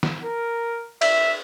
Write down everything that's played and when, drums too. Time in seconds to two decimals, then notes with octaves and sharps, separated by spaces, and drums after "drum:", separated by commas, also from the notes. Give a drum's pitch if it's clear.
0.03 drum: snare
0.25 A#4
1.02 E5, drum: cymbal